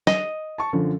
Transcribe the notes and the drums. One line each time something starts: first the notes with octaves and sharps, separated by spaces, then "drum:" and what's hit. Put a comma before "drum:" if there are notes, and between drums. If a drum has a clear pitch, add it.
D#5, drum: snare
A5 C#6
F#2 D3 F3